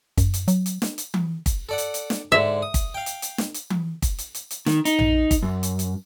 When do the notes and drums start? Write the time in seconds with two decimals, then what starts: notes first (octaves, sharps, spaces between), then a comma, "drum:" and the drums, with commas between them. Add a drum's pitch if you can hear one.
0.18 F#2, drum: kick, hi-hat
0.34 drum: hi-hat
0.48 F#3, drum: hi-hat
0.66 drum: hi-hat
0.82 drum: snare
0.98 drum: hi-hat
1.14 drum: tom E3
1.46 drum: kick, hi-hat
1.69 A4 D5 F#5
1.78 drum: hi-hat
1.94 drum: hi-hat
2.10 drum: snare
2.32 G#2 D3 E5
2.62 D#6
2.74 drum: kick, hi-hat
2.94 F5 G5
3.06 drum: hi-hat
3.22 drum: hi-hat
3.38 drum: snare
3.54 drum: hi-hat
3.70 drum: tom E3
4.02 drum: kick, hi-hat
4.18 drum: hi-hat
4.35 drum: hi-hat
4.51 drum: hi-hat
4.66 D#3, drum: snare
4.85 D#4, drum: hi-hat
4.99 drum: tom A#1
5.31 drum: kick, hi-hat
5.42 F#2
5.63 drum: hi-hat
5.79 drum: hi-hat